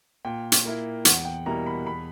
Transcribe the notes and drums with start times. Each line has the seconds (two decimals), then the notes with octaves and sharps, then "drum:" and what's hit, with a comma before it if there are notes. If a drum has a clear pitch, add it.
0.25 A#2 G5
0.52 drum: hi-hat
0.65 A#3 E4
1.05 E2 F#5, drum: hi-hat
1.25 G5
1.46 B2 G3 A#3 E4 A#5
1.67 B5
1.86 E2 B5